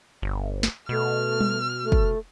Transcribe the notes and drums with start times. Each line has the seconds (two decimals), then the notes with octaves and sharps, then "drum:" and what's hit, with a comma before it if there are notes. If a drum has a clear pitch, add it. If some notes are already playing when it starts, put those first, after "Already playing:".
0.22 G1
0.63 drum: snare
0.89 B2 A3 F6
1.40 drum: tom G3
1.83 A3
1.92 drum: kick